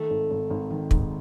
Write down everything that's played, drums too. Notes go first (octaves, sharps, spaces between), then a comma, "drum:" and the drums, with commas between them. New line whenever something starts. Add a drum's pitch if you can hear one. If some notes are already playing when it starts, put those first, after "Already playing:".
Already playing: D#3 A3
G#1
G#1
G#1
D#3
G#2, drum: kick